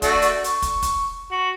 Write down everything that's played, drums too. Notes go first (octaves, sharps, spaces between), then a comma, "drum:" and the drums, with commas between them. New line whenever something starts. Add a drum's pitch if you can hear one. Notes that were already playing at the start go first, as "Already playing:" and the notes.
A3 D4 F#4, drum: kick, hi-hat
drum: hi-hat
C#6, drum: hi-hat
drum: kick, hi-hat
drum: kick, hi-hat
F#4